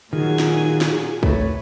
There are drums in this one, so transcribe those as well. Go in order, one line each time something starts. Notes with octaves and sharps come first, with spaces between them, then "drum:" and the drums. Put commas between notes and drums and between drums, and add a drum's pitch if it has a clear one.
A#2 D#3 F#3 F4 G#4 G#5
drum: snare
drum: snare
A3 B4 C#5, drum: kick